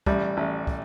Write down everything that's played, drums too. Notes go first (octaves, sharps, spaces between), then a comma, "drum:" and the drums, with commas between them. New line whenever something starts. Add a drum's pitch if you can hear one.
A1 G3, drum: kick
A1
drum: kick